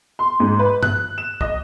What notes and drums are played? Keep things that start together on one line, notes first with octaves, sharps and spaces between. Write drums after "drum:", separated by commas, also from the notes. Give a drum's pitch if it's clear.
C6
G#2
B4
F#6, drum: tom G2
E7
D#5, drum: kick